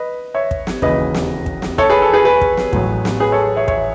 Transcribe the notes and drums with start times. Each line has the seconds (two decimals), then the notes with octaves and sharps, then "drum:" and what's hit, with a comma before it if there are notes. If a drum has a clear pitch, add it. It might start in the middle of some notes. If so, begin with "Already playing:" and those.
Already playing: B4 D#5
0.34 C#5 E5
0.51 drum: kick
0.67 drum: snare
0.82 E1 D#2 C#3 E3 B4 D#5, drum: kick
1.14 drum: snare
1.46 drum: kick
1.62 drum: snare
1.78 A4 C#5, drum: kick
1.90 G#4 B4
2.02 A4
2.13 G#4 B4
2.25 G#4 B4
2.41 drum: kick
2.57 drum: snare
2.73 A1 A2 F#3, drum: kick
3.05 drum: snare
3.20 G#4 B4
3.32 A4 C#5
3.56 C#5 E5
3.68 C#5 E5, drum: kick